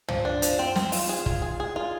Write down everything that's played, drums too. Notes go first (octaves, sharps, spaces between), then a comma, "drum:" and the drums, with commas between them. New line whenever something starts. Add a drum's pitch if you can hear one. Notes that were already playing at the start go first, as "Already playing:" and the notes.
F3, drum: tom
D4
F3, drum: hi-hat
C4
C4, drum: snare
F4, drum: open hi-hat
G#4
F4, drum: kick
G#4
G#4
F4